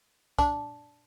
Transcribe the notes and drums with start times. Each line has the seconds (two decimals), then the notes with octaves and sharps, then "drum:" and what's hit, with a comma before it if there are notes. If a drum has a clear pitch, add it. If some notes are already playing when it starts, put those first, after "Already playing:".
0.39 D4, drum: kick, tambourine